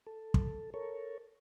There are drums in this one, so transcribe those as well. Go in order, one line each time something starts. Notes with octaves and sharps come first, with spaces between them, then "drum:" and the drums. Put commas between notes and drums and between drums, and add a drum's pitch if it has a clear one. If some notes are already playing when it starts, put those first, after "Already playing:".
A4
drum: kick
A4 A#4 C#5